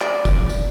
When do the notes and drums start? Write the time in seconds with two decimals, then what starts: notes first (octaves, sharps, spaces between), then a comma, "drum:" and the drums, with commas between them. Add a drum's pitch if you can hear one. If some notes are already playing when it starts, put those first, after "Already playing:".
0.01 D5, drum: clap
0.25 drum: kick, tambourine
0.49 drum: tambourine